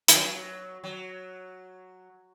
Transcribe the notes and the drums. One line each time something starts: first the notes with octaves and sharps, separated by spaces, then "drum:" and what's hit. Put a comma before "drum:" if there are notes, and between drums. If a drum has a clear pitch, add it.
E3, drum: hi-hat
F#3
F#3